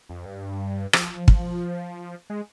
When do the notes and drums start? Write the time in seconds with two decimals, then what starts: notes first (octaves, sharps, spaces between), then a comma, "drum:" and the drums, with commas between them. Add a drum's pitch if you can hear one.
0.09 F2
0.26 G2
0.93 F3, drum: rim click
1.28 drum: kick
2.30 G#3